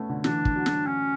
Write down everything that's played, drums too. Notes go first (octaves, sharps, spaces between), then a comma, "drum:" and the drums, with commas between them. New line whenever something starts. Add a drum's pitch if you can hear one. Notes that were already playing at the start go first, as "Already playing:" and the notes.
Already playing: A3 B3 C#4
D3
E3 D4, drum: snare
drum: kick
F#3
drum: snare
C#4